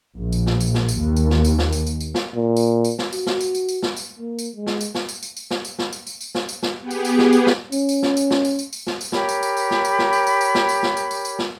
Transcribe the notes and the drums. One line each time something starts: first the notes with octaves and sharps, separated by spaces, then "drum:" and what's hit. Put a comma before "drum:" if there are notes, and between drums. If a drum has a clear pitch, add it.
A#1
drum: tambourine
drum: snare
drum: tambourine
drum: snare
drum: tambourine
D#2
drum: tambourine
drum: snare
drum: tambourine
drum: snare
drum: tambourine
drum: tambourine
drum: tambourine
drum: snare
A#2
drum: tambourine
drum: tambourine
drum: snare
F#4, drum: tambourine
drum: snare
drum: tambourine
drum: tambourine
drum: tambourine
drum: snare
drum: tambourine
A#3
drum: tambourine
G#3
drum: snare
drum: tambourine
drum: snare
drum: tambourine
drum: tambourine
drum: tambourine
drum: snare
drum: tambourine
drum: snare
drum: tambourine
drum: tambourine
drum: tambourine
drum: snare
drum: tambourine
drum: snare
B3 G4 G#4
drum: tambourine
drum: tambourine
drum: snare
drum: tambourine
drum: snare
C#4, drum: tambourine
drum: tambourine
drum: snare
drum: tambourine
drum: snare
drum: tambourine
drum: tambourine
drum: tambourine
drum: snare
drum: tambourine
G4 A#4 C#5 B5, drum: snare
drum: tambourine
drum: tambourine
drum: tambourine
drum: snare
drum: tambourine
drum: snare
drum: tambourine
drum: tambourine
drum: tambourine
drum: snare
drum: tambourine
drum: snare
drum: tambourine
drum: tambourine
drum: tambourine
drum: snare